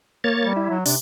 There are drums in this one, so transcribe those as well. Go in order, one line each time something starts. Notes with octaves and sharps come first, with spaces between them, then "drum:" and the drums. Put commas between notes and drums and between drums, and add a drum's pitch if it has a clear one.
A#3 C#5 A6
G3
E4
F#3
C3 D4, drum: open hi-hat